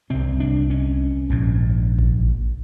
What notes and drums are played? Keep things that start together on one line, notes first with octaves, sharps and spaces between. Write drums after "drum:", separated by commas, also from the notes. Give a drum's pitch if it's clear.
C2 C3 C4
D4
C#4
A#1 G#2
drum: kick A1